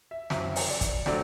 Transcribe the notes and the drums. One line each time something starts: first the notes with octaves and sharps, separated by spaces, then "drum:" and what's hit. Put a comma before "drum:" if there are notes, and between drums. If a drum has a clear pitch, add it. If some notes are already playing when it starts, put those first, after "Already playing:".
E5
F#1 F#2 F#3 C4 E5, drum: snare
drum: open hi-hat
D5
drum: kick, hi-hat
D3 F#3 A3 C4 D5, drum: snare